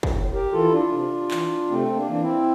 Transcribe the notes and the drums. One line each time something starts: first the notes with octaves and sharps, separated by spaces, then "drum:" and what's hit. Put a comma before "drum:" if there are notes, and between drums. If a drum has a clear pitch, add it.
drum: kick
A2
G4 A#4
E3 F4 A4
E4
D4 F4
C3
E3, drum: clap
C3 A3 C4
A#3 D4
E3 D4
C4 E4